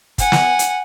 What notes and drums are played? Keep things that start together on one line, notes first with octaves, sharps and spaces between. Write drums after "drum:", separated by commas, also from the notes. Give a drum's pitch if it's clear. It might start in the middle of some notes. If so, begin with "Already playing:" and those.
F#5 G#5, drum: kick, hi-hat
drum: snare
drum: hi-hat